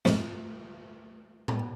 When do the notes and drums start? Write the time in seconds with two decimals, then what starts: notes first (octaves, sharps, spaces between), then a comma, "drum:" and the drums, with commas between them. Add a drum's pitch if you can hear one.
0.05 F2 G#2, drum: snare
1.48 drum: tom A2